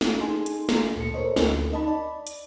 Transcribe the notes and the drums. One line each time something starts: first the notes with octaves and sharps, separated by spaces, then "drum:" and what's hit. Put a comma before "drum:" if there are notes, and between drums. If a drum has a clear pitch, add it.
drum: snare
D#4 G#4 A4 G#5 C6
drum: hi-hat
drum: snare
D2 A#2 A4 C#7
A4 A#4 C5 C#5 D#5
D2 A#4, drum: snare
D#4 D#5 A5 B5
D5
drum: hi-hat